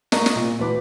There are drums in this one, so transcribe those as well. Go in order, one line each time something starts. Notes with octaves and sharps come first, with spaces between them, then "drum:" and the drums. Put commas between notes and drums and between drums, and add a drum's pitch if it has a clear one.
A#3 D5 D#5 A#5 C#6, drum: snare
drum: snare
A#2
D2 E3 B4 D6